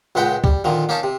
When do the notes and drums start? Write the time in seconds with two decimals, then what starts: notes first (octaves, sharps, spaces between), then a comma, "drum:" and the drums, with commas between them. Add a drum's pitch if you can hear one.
0.15 C#2 A#2 G#3 B4 F#5 G5
0.44 G3, drum: kick C#2
0.64 A#2 D3 D#3 F3
0.89 A#3 C#4 D#4 A5
1.03 C3